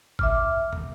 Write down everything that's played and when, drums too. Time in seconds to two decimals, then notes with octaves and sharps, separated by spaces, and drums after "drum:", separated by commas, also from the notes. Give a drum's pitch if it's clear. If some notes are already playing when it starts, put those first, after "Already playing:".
0.19 E5 D6 F6, drum: kick G#1
0.73 drum: tom